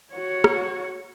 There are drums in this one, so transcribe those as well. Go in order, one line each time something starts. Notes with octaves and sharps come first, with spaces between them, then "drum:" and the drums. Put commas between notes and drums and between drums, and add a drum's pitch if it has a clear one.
F#4 C#5
drum: rim click